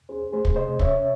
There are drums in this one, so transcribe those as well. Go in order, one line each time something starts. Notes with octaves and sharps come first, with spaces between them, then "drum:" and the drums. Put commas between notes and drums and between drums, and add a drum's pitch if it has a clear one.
C#4 G#4 C5
A3 G#4 C5
drum: kick
C3 C5 D#5
C#4 C#5 E5, drum: kick